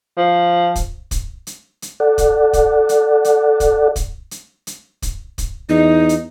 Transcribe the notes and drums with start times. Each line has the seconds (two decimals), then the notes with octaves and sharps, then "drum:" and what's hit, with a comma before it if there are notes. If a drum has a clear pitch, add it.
0.17 F3
0.76 drum: kick, hi-hat
1.11 drum: kick, hi-hat
1.47 drum: hi-hat
1.82 drum: hi-hat
2.00 A4 D5 F#5
2.18 drum: kick, hi-hat
2.53 drum: kick, hi-hat
2.89 drum: hi-hat
3.25 drum: hi-hat
3.60 drum: kick, hi-hat
3.96 drum: kick, hi-hat
4.31 drum: hi-hat
4.67 drum: hi-hat
5.02 drum: kick, hi-hat
5.38 drum: kick, hi-hat
5.69 E2 D#4
6.09 drum: hi-hat